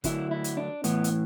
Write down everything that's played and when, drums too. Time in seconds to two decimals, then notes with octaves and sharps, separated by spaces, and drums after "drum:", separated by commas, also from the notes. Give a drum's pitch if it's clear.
0.04 D2 D3 F#3 E4, drum: kick, hi-hat
0.31 E4
0.44 drum: hi-hat
0.57 D4
0.84 A2 E3 B3, drum: hi-hat
1.04 drum: hi-hat